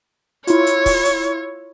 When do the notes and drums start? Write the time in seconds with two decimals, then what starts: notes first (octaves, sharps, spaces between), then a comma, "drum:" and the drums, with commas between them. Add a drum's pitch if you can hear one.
0.47 E4 F4 C#5, drum: hi-hat
0.67 drum: hi-hat
0.86 drum: kick, open hi-hat
1.05 drum: hi-hat